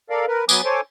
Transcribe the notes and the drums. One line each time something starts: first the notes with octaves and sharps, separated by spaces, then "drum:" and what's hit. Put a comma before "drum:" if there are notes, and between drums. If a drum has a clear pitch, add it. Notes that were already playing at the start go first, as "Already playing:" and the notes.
A4 A#4 D5 F5
A#4 B4
F#3 B3 B4 G#5 D6 D#6, drum: tambourine
A4 C5 C#5 G#5 D6